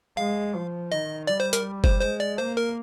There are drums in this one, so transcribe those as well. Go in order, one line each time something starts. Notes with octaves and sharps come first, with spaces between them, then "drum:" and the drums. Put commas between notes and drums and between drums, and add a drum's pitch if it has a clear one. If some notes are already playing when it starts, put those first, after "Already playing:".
G#3 F5
F3
D#3 D#5
G3 D5
C5
A#4, drum: hi-hat
C5, drum: kick F#1
G#3 C5
D5
A#3 C5
A#4